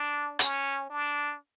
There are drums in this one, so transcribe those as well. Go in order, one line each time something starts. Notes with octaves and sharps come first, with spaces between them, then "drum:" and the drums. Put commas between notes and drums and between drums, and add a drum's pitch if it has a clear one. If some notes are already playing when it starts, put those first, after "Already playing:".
Already playing: D4
C#4, drum: hi-hat
D4